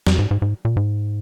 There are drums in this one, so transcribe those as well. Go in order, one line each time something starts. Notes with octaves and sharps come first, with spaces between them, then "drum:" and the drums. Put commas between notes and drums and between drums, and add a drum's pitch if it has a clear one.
F2, drum: snare
G#2
G#2
G#2
A#2
G#2